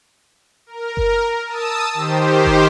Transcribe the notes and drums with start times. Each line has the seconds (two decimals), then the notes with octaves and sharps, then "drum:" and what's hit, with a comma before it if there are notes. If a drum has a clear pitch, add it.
0.67 A#4
0.97 drum: kick F#1
1.46 A5 D#6 E6
1.94 D#3 G4 C5
2.45 drum: kick F#1